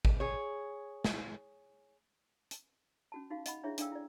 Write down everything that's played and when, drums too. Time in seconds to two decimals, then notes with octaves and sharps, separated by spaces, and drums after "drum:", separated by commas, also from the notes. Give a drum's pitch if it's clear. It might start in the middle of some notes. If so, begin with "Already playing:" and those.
0.05 drum: kick G#1
0.20 G#4 C#5
1.05 drum: snare
2.51 drum: hi-hat
3.12 C#4 F#4 A5
3.30 D#4 F#4 G4 F5
3.46 D#5 F#5 B5, drum: hi-hat
3.63 D4 E4 G#4 C#5 E5
3.78 D4 A4 D5 F5 G5 E6, drum: hi-hat
3.91 E4 D5